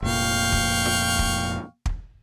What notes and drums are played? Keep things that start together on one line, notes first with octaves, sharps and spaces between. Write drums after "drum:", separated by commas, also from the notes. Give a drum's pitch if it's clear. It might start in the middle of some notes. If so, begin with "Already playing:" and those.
F1 A#2 F5 G5 C#6
drum: kick
drum: snare
drum: kick
drum: kick